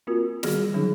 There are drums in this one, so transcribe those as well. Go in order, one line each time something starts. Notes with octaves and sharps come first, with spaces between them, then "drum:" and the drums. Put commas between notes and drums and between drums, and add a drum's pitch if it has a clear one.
A#3 C4 F4 F#4 A#4
D#3 G3 F#4 G#4 F6 A#6, drum: snare
D3 F#3 C#4 D#4 G#4